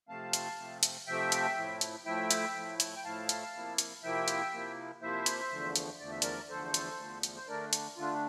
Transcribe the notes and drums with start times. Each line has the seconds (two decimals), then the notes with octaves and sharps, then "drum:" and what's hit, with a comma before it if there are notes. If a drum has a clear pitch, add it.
0.08 C3 F3 A3 C4 F5 A5
0.33 drum: hi-hat
0.58 C3 F3 A3 C4
0.83 drum: hi-hat
1.07 C3 F3 A3 C4 E5 G5
1.32 drum: hi-hat
1.57 A2 F3 A3 E4
1.81 drum: hi-hat
2.05 A2 F3 A3 E4 E5 G5
2.31 drum: hi-hat
2.55 A2 F3 A3 E4
2.80 drum: hi-hat
2.96 G5
3.04 A2 F3 A3 E4 F5 A5
3.29 drum: hi-hat
3.54 C3 F3 A#3 E4
3.78 drum: hi-hat
4.03 C3 F3 A#3 E4 E5 G5
4.28 drum: hi-hat
4.52 C3 F3 A#3 E4
5.02 C3 F3 A#3 E4 C5 E5
5.26 drum: hi-hat
5.51 E2 D3 F3 A3
5.76 drum: hi-hat
6.00 E2 D3 F3 A3 D5
6.11 E5
6.22 A#4 D5, drum: hi-hat
6.49 E2 D3 F3 A3 A4 C5
6.74 drum: hi-hat
6.99 E2 D3 F3 A3
7.23 drum: hi-hat
7.36 C5
7.48 D3 A3 D4 A#4 D5
7.73 drum: hi-hat
7.97 D3 A3 D4 F4